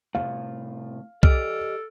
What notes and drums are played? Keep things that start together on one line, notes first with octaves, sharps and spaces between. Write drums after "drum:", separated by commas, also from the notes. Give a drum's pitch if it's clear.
A2 C3 F5
G4 A4 D5 D#5 F6 D7, drum: kick B1